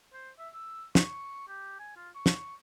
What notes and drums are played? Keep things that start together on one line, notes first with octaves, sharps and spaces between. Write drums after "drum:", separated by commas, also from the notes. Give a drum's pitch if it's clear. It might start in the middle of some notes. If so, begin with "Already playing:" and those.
C5
E5
E6
C#6, drum: snare
G4
G#5
F4
C#6
drum: snare